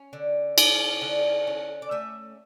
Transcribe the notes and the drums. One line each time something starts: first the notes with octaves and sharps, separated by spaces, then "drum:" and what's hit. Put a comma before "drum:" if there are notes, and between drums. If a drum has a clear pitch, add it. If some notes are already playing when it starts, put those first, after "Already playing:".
Already playing: C#4 C#5
D3
C#4, drum: cymbal
D3
C#4
D5
A3 E5